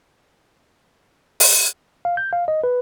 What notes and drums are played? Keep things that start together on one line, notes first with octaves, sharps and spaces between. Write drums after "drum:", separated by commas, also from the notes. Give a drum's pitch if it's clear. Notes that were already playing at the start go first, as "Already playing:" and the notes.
drum: open hi-hat
F5
G6
F5
D#5
B4